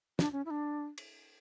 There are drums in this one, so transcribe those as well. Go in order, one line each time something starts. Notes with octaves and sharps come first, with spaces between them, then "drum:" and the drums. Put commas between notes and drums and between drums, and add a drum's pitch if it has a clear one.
D4, drum: snare
C#4
E4
D4
drum: cymbal